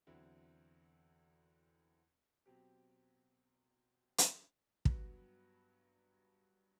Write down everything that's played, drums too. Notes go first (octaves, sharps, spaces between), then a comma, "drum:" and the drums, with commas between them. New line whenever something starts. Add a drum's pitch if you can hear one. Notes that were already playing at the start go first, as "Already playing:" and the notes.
E2 D3 F#3 C4 E4
B2 F#3 C4 G4
drum: hi-hat
G2 F#3 B3 F#4, drum: kick